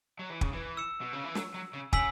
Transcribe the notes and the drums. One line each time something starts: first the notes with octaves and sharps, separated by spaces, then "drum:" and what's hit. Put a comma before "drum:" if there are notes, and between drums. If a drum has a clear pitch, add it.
F#3
E3
C#3, drum: kick
E3
E6 C#7 E7
B2
C#3
E3
F#3, drum: snare
F#3
C#3
C#3 G#5 E6 B6 F#7, drum: kick